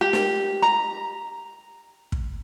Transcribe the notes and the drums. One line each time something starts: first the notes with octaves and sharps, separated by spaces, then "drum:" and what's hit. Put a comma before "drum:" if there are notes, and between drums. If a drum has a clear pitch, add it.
G4
drum: snare
A#5
drum: kick